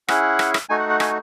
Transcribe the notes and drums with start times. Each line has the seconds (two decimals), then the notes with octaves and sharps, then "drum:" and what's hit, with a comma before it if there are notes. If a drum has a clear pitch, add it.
0.08 C#4 E4 G#4 F#5, drum: rim click
0.39 drum: rim click
0.54 drum: rim click
0.69 A3 D#4 F#4 G#5
0.79 F#5
0.89 F#5
1.00 G#5, drum: rim click